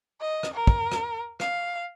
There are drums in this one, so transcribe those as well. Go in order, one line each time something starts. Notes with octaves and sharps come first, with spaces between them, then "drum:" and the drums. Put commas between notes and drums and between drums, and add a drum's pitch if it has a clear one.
D#5
drum: rim click
A#4
drum: kick
drum: rim click
F5, drum: rim click